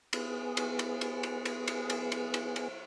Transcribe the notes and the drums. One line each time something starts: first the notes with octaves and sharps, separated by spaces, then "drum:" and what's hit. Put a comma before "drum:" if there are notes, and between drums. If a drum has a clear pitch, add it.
B3 G#4, drum: cymbal
drum: cymbal
drum: cymbal
drum: cymbal
drum: cymbal
drum: cymbal
drum: cymbal
drum: cymbal
drum: cymbal
drum: cymbal
drum: cymbal